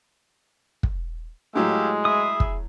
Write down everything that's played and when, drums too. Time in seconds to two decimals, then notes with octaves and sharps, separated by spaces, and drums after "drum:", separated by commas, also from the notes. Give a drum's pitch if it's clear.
0.83 drum: kick
1.55 A2 F#3 G#3 G4 F5 E6
2.05 G#4 E5 B5 D#6
2.40 drum: kick